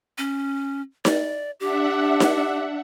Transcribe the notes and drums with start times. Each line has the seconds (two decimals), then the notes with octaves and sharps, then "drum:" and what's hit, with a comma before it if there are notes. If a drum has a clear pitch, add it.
0.18 C#4
1.05 D5, drum: snare D#4
1.60 D4 G4 E5 F#5
2.20 drum: snare D#4